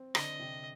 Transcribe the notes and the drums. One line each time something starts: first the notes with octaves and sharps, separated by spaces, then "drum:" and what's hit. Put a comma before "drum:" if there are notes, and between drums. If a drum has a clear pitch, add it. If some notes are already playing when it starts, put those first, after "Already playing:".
Already playing: C4
D3 D#5, drum: rim click
C3